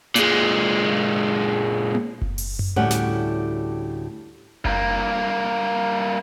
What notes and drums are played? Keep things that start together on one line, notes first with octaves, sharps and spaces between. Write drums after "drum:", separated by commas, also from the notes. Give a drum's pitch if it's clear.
A#2 G#3, drum: hi-hat
drum: tom A#3
drum: kick F#1
drum: open hi-hat
drum: tom F#2
D2 A2 G3 C#4 G4 F#5
drum: snare
G2 A#3, drum: kick F#1